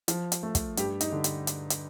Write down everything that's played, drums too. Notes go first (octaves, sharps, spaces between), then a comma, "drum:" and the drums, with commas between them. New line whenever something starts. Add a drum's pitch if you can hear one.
F3, drum: hi-hat
drum: hi-hat
A3
drum: kick, hi-hat
G2 G4, drum: hi-hat
D#4, drum: hi-hat
D3
drum: hi-hat
drum: hi-hat
drum: hi-hat